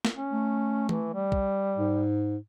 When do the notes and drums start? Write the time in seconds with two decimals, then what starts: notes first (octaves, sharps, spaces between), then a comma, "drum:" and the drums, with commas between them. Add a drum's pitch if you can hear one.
0.05 drum: snare
0.16 C#4
0.32 A3
0.89 E3, drum: tom E3
1.14 G3
1.32 drum: kick
1.77 G#2